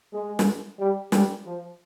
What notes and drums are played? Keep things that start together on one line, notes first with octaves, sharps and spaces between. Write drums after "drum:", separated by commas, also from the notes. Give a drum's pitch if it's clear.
G#3
drum: snare
G3
G3, drum: snare
F3